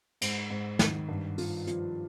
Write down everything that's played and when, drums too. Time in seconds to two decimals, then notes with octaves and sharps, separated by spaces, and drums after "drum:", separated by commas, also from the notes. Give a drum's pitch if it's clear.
0.21 G#2, drum: cymbal
0.50 G#2
0.79 D#3, drum: snare
1.09 G2
1.38 F4, drum: open hi-hat
1.67 F3, drum: hi-hat